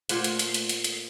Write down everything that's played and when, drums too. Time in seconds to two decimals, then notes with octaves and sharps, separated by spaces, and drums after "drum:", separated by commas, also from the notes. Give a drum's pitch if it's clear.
0.09 D2 A#2 A3 A4 C5 F#5, drum: hi-hat
0.24 drum: hi-hat
0.39 drum: hi-hat
0.54 drum: hi-hat
0.69 drum: hi-hat
0.84 drum: hi-hat